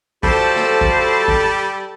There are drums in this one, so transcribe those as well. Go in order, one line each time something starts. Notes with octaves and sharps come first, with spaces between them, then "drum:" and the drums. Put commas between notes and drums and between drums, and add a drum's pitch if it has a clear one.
F3 G3 F#4 A4 C5 A5, drum: kick A1
drum: snare A#3
drum: kick A1
drum: kick A1